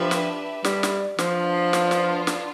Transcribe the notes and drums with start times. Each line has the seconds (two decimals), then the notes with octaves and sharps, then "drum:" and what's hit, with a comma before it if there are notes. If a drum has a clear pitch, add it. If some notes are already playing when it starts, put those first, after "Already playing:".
Already playing: F3 D4 G4 B4 E5
0.11 drum: snare
0.64 G3, drum: snare
0.83 drum: snare
1.18 F3 B3 D4 F4, drum: snare
1.73 drum: snare
1.91 drum: snare
2.27 drum: snare